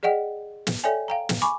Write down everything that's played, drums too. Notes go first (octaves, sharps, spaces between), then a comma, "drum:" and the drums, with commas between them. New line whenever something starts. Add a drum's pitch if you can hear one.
G#4 D5 D#5 F#5 G5
drum: snare
A4 C#5 D5 E5 G5 G#5
F5 G5 A#5
drum: snare
G#5 B5 C#6 D6